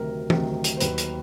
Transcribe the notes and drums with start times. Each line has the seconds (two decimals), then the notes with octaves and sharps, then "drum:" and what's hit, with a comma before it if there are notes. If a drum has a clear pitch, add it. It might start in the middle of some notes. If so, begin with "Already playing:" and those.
Already playing: D2 C3 D#3 F#3 A#4
0.30 D2 C3 D#3 F#3, drum: tom E3
0.64 drum: hi-hat
0.77 C5
0.80 D#2 D#3 F#3 B4, drum: hi-hat
0.98 drum: hi-hat